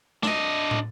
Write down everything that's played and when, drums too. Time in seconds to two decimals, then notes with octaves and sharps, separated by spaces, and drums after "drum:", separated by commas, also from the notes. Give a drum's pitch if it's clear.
0.23 D4 D#5, drum: snare
0.71 drum: tom